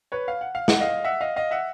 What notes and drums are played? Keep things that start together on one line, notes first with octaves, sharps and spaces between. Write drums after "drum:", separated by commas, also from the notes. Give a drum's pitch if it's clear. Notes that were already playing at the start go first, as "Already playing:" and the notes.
B4 C#5
F5
F#5
F5
F#5, drum: snare
D#5 F5
E5 F#5
D#5 F5
D#5 F5
E5 F#5